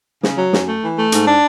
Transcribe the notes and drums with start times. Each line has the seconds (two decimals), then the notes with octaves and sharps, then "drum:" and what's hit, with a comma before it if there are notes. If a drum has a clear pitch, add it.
0.23 C#3, drum: snare
0.38 F#3
0.53 F#2, drum: snare
0.67 A3
0.83 E3
0.97 A3
1.12 G#2, drum: hi-hat
1.27 D4